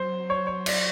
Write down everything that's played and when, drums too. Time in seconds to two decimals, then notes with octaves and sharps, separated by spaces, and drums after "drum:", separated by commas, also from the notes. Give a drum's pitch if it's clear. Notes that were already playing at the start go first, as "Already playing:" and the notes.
Already playing: F#3 C5
0.30 C#5
0.47 C#5
0.66 D5, drum: cymbal